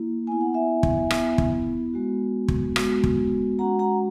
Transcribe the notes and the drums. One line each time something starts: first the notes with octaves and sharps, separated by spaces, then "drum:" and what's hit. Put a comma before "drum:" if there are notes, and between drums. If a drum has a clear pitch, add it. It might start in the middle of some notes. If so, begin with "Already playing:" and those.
Already playing: A#3 E4
B3 E4 G#5
F#5
E5 G#5
drum: kick
B3 E4, drum: rim click
drum: kick
G#3 B3 F#4
drum: kick
G#3 B3 F#4, drum: rim click
drum: kick
G#3 C#4 F#4 F#5 A#5
F#5 A#5